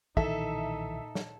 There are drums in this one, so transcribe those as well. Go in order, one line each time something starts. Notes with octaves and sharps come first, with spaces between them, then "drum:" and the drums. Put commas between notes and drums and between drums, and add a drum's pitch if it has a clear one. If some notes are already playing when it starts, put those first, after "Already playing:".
B1 A#2 D#3 E3 D#4 A4 E5, drum: kick
drum: snare